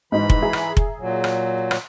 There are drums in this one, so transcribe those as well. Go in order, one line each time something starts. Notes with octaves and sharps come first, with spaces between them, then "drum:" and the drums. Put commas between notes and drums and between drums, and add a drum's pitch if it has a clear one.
G#2 E3 D#4 B5
drum: kick F1
G#4 E5 A#5
drum: rim click
drum: kick F1
A#2 F#3
drum: rim click
drum: rim click